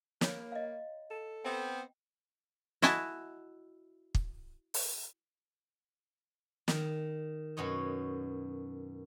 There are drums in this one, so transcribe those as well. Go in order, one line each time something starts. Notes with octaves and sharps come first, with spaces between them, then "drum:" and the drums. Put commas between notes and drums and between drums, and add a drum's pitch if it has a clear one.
A#3 C#5 B5, drum: snare
D#5 F5
A4
B3 C4 G5
E4 F#4 D#5 G#5 A5, drum: snare
drum: kick
drum: open hi-hat
D#3, drum: snare
F#2 B2 C#5 D#5